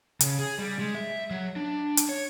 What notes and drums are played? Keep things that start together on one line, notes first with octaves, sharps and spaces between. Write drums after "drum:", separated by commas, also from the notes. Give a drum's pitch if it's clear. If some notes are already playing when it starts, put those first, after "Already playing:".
C#3, drum: hi-hat
G#4
G3
G#3
E5
F#3
D4
drum: hi-hat
C#5